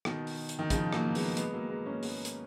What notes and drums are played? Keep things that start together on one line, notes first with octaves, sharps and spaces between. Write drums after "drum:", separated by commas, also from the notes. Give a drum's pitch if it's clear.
B2 D#3, drum: rim click
drum: open hi-hat
drum: hi-hat
D#3
C#3 F3, drum: kick, hi-hat
F#3 A#3, drum: rim click
G#3 B3, drum: open hi-hat
G#3 B3, drum: hi-hat
F#3 A#3
G#3 B3
A#3 C#4
G#3 B3, drum: open hi-hat
drum: hi-hat